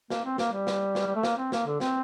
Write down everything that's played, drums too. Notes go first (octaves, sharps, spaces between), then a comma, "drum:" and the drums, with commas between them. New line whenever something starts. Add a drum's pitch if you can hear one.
A#3, drum: snare
C4
A#3, drum: snare
G3
drum: snare
drum: snare
G3
A3
A#3, drum: snare
C4
A#3, drum: snare
D3
C4, drum: snare